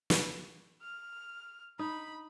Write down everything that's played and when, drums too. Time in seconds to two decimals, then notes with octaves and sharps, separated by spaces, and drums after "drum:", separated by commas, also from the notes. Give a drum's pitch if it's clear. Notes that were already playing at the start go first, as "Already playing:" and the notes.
0.10 drum: snare
0.82 F6
1.79 D#4 B5